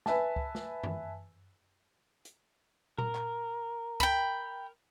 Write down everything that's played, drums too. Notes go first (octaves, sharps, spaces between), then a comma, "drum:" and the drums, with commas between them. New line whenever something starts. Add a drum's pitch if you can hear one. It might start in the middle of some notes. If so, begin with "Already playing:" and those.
B4 E5 G#5 A5, drum: snare
drum: kick C#2
drum: snare
drum: tom F#2
drum: hi-hat
A#4, drum: tom A#2
drum: clap
G5 B5, drum: kick C#2